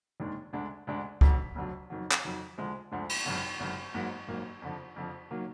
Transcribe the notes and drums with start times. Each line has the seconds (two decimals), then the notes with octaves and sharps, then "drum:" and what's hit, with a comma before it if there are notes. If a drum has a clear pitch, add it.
0.20 F1 D#2 D#3 G#3 D4
0.53 D2 D3 G#3 D4
0.87 D2 D3 G#3 D4
1.21 F1 F2 D3 F#3, drum: kick
1.55 F1 F2 D3 F#3
1.90 F2 D#3 F#3
2.11 drum: clap
2.24 F2 D#3 F#3
2.58 D2 D3 F3 G#3
2.92 D2 D3 F3 G#3
3.09 drum: cymbal
3.26 G#1 F#2 D3
3.60 G#1 F#2 D3
3.94 G#1 G#2 F#3 A#3
4.28 G#1 G#2 F#3 A#3
4.62 F2 D3 F3
4.96 F2 D3 F3
5.31 D#3 F#3 A#3